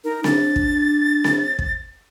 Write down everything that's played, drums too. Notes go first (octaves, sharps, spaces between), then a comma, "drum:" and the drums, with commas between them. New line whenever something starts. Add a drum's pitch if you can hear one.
D#4 A#4
D4 A6, drum: snare C4
drum: kick
drum: snare C4
drum: kick